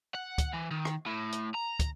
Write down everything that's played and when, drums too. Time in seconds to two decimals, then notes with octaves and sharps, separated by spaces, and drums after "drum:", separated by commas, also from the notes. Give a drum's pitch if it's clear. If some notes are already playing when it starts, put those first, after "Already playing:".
0.15 F#5
0.38 drum: kick, hi-hat
0.54 E3
0.71 D#3
0.85 drum: rim click
1.06 A2
1.32 drum: hi-hat
1.55 A#5
1.80 drum: kick, hi-hat